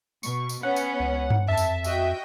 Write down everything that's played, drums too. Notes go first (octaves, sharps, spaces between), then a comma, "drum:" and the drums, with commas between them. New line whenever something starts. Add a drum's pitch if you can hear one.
B2 C#6, drum: tambourine
drum: tambourine
B3 C#4 F#5
drum: tambourine
C#2
drum: tom G2
F2 E5 A5
drum: tambourine
F#4 D#5 G5, drum: tambourine